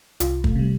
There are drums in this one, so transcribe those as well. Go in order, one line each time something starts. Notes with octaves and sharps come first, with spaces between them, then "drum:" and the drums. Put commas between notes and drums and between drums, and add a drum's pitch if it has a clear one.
C2 F4, drum: hi-hat
A3, drum: kick
C3 G3